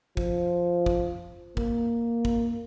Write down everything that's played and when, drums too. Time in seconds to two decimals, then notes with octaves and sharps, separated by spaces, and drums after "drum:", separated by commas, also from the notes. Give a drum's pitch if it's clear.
0.17 F3, drum: kick
0.86 drum: kick
1.57 A#3, drum: kick
2.25 drum: kick